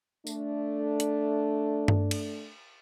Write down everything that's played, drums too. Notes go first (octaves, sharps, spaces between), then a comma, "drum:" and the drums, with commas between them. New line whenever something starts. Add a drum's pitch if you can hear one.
A3 D4, drum: tambourine
drum: hi-hat
drum: tom G2
drum: cymbal